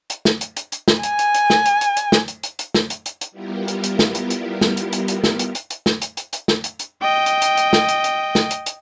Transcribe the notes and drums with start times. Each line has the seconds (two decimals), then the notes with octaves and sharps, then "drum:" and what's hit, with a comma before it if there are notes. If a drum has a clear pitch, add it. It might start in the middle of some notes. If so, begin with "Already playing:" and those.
0.10 drum: hi-hat
0.25 drum: snare
0.41 drum: hi-hat
0.56 drum: hi-hat
0.72 drum: hi-hat
0.88 drum: snare
1.03 G#5, drum: hi-hat
1.19 drum: hi-hat
1.34 drum: hi-hat
1.50 drum: snare
1.65 drum: hi-hat
1.81 drum: hi-hat
1.97 drum: hi-hat
2.12 drum: snare
2.28 drum: hi-hat
2.43 drum: hi-hat
2.59 drum: hi-hat
2.74 drum: snare
2.90 drum: hi-hat
3.06 drum: hi-hat
3.21 drum: hi-hat
3.31 G3 B3 E4 F4 G4 A#4
3.68 drum: hi-hat
3.84 drum: hi-hat
3.99 drum: snare
4.15 drum: hi-hat
4.30 drum: hi-hat
4.61 drum: snare
4.77 drum: hi-hat
4.93 drum: hi-hat
5.08 drum: hi-hat
5.24 drum: snare
5.39 drum: hi-hat
5.55 drum: hi-hat
5.70 drum: hi-hat
5.86 drum: snare
6.02 drum: hi-hat
6.17 drum: hi-hat
6.33 drum: hi-hat
6.48 drum: snare
6.64 drum: hi-hat
6.79 drum: hi-hat
7.02 D#5 G5
7.26 drum: hi-hat
7.42 drum: hi-hat
7.57 drum: hi-hat
7.73 drum: snare
7.88 drum: hi-hat
8.04 drum: hi-hat
8.35 drum: snare
8.51 drum: hi-hat
8.66 drum: hi-hat